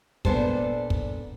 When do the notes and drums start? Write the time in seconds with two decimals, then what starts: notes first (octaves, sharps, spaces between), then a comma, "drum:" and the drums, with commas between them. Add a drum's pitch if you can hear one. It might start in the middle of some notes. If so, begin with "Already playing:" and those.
0.25 A#2 B3 D4 A4 C5 A5, drum: kick
0.90 drum: kick